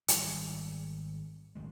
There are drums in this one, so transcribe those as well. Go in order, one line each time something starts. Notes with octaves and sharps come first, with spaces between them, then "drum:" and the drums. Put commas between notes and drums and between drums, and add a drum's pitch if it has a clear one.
G#1 G3, drum: hi-hat
D#1 A1 D#3 G#3